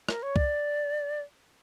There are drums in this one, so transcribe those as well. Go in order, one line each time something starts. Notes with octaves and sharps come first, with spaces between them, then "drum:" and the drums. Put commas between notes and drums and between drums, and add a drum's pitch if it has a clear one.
A#4, drum: rim click
C#5
D5, drum: kick